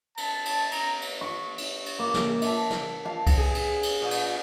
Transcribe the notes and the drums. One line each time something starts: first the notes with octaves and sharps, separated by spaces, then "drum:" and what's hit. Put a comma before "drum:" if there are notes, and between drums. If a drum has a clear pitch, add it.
A5, drum: cymbal
drum: cymbal
A#5, drum: cymbal
drum: cymbal
C#6
drum: cymbal
drum: cymbal
A#3
drum: snare
E5 A5, drum: cymbal
drum: snare
F5 A5
drum: kick C2, cymbal
G#4
drum: cymbal
drum: cymbal
A#2
drum: cymbal